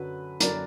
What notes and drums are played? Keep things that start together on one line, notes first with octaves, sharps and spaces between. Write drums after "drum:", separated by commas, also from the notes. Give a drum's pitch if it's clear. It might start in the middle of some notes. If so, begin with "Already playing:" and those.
Already playing: F#2 D3 F#3 B4
F#2 D3 F#3 A#4 D5, drum: hi-hat